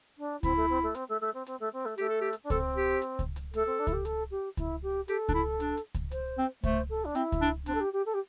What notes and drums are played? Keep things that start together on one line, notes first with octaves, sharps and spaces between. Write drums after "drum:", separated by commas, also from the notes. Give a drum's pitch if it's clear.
D4
C4 E4, drum: kick C#2, hi-hat
A3
C4
A3
C4, drum: hi-hat
A3
A3
C4
C4, drum: hi-hat
A3
C4
A3
A3 G4, drum: hi-hat
A4
G4
drum: hi-hat
D4
C4 A4, drum: kick C#2, hi-hat
G4
drum: hi-hat
drum: kick C#2, hi-hat
drum: hi-hat
A3 A4, drum: hi-hat
C4
D4
E4, drum: kick C#2, hi-hat
G4
A4, drum: hi-hat
G4
E4, drum: kick C#2, hi-hat
G4
G4 A4, drum: hi-hat
D4, drum: kick C#2, hi-hat
E4
D4, drum: hi-hat
drum: hi-hat
drum: kick C#2, hi-hat
C5, drum: hi-hat
C4
A3 C5, drum: kick C#2, hi-hat
A4
D4
C4 E4, drum: hi-hat
drum: kick C#2, hi-hat
D4
C4 D4, drum: hi-hat
A4
G4
G4
A4
G4